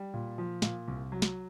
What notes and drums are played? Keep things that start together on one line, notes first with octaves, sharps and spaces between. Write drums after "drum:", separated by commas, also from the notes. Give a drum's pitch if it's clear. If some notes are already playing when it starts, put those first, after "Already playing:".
Already playing: G3
A#2
F3
A#2, drum: snare
C2
F#3
drum: snare